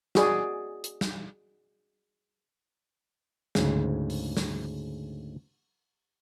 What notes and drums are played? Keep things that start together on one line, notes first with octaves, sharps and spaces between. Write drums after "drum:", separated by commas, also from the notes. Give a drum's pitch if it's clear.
F#4 G#4 D5, drum: snare
drum: hi-hat
drum: snare
D2 G#2 C#3, drum: snare
drum: open hi-hat
drum: snare